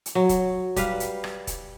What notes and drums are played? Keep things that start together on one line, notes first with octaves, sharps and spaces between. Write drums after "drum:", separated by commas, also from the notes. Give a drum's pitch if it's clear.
drum: hi-hat
F#3
drum: kick E1, hi-hat
G3 B4 F5, drum: kick E1, hi-hat
drum: hi-hat
drum: rim click
drum: kick E1, hi-hat